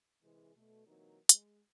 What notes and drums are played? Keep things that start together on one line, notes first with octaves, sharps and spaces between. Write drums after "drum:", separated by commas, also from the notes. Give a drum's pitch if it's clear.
C3 E3 G#3
B2 A3
C3 E3 F#3 A#3 D#4 A#4
G#3, drum: hi-hat